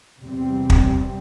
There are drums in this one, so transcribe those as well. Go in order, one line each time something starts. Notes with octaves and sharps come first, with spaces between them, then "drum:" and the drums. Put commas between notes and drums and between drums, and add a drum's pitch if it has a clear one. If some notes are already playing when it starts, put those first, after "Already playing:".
E2 C3 G3 C4
drum: kick